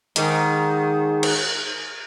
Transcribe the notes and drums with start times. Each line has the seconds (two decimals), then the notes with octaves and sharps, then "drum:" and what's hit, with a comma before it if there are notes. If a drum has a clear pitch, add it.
0.16 G#2 D#3, drum: hi-hat
1.23 drum: cymbal